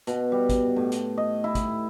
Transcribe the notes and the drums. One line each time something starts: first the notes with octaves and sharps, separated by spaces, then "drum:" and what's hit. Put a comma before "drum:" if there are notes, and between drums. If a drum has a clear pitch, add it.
B2, drum: hi-hat
G3
drum: kick, hi-hat
A2
drum: hi-hat
D#5
E4
drum: kick, hi-hat